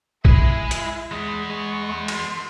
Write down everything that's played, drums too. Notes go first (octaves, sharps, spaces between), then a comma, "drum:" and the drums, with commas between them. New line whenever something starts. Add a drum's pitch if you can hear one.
G#3 E4 G#4 E5, drum: kick
drum: hi-hat
E2 G#3 B3
G#3 C#6
C6, drum: cymbal